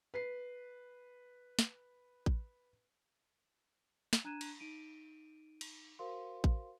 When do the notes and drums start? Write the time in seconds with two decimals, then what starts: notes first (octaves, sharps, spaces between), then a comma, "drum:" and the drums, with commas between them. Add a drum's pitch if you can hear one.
0.14 B4 C7
1.59 drum: snare
2.26 drum: kick A1
4.13 drum: snare
4.24 D4 A#5 F#6 G#6 D#7 E7
4.41 drum: cymbal
4.60 D#4 D7 D#7
5.61 drum: cymbal
5.99 F#4 A#4 C5 F5 C6
6.44 drum: kick A1